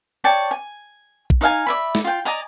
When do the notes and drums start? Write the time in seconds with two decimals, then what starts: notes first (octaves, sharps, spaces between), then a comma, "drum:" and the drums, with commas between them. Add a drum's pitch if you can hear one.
0.24 C#5 D5 G5 A5
0.51 G#5
1.30 drum: kick
1.41 D#4 D#5 F5 G#5
1.67 D5 E5 B5
1.95 drum: snare
2.04 F4 G5
2.25 D5 D#5 G#5 A#5